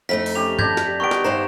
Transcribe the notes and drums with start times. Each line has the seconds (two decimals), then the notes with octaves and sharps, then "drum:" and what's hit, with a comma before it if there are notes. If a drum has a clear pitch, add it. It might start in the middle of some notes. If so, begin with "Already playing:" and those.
0.09 F2 A3 D#4 B6
0.26 drum: open hi-hat
0.35 C#4 G4 F7
0.59 D4 D5 B5 G6 G#6 A#6, drum: tom G2
0.77 drum: snare
1.00 D#3 G3 B3 C#6 D7
1.11 drum: snare
1.24 G2 D#4 C5 A#5